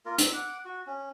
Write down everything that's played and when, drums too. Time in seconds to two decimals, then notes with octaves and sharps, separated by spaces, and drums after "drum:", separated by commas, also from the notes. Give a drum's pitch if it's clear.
0.06 A#3 F4 A#4
0.18 E6, drum: hi-hat
0.33 F#5 D6
0.65 F#4
0.87 C#4